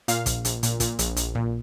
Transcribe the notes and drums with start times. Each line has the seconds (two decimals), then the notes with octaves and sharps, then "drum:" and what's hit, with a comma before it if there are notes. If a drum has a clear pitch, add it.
0.08 A#2 F5, drum: hi-hat
0.26 A#1, drum: kick, hi-hat
0.45 A#1, drum: hi-hat
0.63 A#2, drum: hi-hat
0.80 A#2, drum: kick, hi-hat
0.99 A#1, drum: hi-hat
1.17 A#1, drum: hi-hat
1.35 A#2, drum: kick